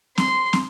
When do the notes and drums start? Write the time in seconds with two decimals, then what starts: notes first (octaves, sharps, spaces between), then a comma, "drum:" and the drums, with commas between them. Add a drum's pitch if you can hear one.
0.18 C6, drum: snare
0.53 drum: snare